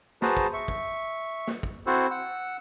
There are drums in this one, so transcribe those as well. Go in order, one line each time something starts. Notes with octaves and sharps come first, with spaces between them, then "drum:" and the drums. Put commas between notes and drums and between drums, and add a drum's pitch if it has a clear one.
F#4 G#4 B4 C5 A5 A#5, drum: snare
drum: kick
E5 C#6
drum: kick
drum: snare
drum: kick
C4 E4 F#4 A4 C5
F#5 E6